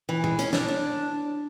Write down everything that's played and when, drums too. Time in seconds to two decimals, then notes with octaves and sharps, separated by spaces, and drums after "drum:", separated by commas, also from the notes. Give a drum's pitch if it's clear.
0.09 E3
0.24 G#3, drum: tom
0.39 C#4, drum: hi-hat
0.53 D4, drum: snare
0.68 D4